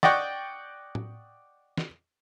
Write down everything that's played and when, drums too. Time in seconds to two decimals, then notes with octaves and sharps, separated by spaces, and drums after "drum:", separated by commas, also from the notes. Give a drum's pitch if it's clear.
0.03 D5 D#5 F#5 G5 C#6, drum: snare
0.95 drum: tom A2
1.77 drum: snare